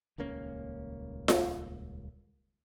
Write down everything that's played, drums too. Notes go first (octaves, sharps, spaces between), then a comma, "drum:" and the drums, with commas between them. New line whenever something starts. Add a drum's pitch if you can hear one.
D#1 C#2 A#3 C#4
drum: snare F4